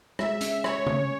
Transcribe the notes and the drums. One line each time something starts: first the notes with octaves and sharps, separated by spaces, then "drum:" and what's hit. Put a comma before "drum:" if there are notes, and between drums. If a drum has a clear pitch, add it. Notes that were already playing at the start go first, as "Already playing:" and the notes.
G#3 E5, drum: rim click
C#4, drum: hi-hat
G4 C#5, drum: rim click
C#4, drum: tom C#3